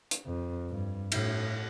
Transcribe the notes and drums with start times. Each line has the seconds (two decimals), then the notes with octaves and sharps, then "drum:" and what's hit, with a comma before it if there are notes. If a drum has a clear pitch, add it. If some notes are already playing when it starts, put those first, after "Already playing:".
0.11 drum: hi-hat
0.26 F2
0.70 G2
1.12 A2, drum: cymbal